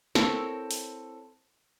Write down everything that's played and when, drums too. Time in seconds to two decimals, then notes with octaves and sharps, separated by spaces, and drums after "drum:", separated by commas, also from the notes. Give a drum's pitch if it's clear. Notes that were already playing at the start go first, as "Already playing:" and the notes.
0.15 C4 E4 A4 A#4 C#5, drum: snare
0.71 drum: open hi-hat